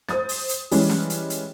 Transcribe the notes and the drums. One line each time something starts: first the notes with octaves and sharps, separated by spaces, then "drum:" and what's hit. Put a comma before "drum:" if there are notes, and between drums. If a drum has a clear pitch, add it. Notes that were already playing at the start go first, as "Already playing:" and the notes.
C5 D#6 A6, drum: snare
drum: open hi-hat
drum: hi-hat
E3 G3 G#3 C#4, drum: open hi-hat
drum: snare
drum: hi-hat
drum: hi-hat